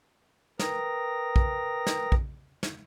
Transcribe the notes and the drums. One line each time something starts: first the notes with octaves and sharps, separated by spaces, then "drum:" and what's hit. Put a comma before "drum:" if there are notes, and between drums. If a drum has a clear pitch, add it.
A#4 B4 G5 A#5 D#6 A#6, drum: snare
drum: kick
drum: snare
drum: kick
drum: snare